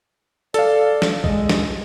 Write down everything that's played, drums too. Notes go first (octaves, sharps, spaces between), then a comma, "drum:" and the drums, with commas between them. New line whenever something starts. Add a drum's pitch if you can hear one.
A4 D5 F5, drum: hi-hat
drum: snare
G#3 D#5, drum: kick
drum: snare